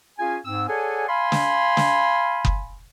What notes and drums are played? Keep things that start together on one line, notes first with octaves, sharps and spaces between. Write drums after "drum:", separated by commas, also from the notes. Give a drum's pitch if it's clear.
C#4 F4 G#4 F5 G#5
G#2 C4 E6
G#4 A4 C#5 D5 F#5 G#5
F5 G#5 B5 C6
drum: snare
drum: snare
drum: kick F#1